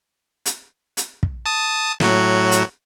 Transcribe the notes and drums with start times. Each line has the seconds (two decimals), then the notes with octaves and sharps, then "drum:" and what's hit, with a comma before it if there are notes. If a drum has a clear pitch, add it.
0.46 drum: hi-hat
0.97 drum: hi-hat
1.23 drum: kick
1.45 A5 D#6
2.00 A2 F#3 F#4, drum: snare
2.51 drum: hi-hat